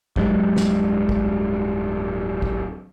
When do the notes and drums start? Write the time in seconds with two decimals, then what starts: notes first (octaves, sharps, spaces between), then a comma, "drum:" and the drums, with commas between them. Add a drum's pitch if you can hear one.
0.16 D1 G2 F#3 G#3, drum: kick
0.56 drum: snare
1.09 drum: kick
2.42 drum: kick